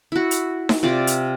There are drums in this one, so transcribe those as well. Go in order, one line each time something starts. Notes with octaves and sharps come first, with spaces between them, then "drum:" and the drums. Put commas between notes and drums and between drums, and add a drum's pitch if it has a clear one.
E4 F#4
drum: hi-hat
drum: snare D#4
C3 F4 D5
drum: hi-hat